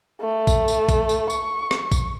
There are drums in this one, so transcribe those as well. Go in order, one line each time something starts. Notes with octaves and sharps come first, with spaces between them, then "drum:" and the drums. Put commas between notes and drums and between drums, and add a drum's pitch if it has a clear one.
A3
drum: kick A#1, tambourine
drum: tambourine
drum: kick A#1, tambourine
drum: tambourine
C#6, drum: tambourine
drum: rim click
drum: kick A#1, tambourine